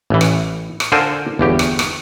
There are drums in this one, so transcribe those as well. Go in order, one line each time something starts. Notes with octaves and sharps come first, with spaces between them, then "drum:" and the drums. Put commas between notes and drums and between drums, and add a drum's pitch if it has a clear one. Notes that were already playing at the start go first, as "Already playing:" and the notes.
A1 E3
drum: rim click
drum: rim click
D3 F4 A4 A#4 C5 G#5
G1 E2 G4
drum: rim click
drum: rim click